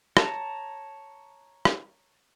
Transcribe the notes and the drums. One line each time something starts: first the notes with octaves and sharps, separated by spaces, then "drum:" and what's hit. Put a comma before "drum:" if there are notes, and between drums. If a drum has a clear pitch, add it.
C#5 A5 A#5, drum: rim click
drum: rim click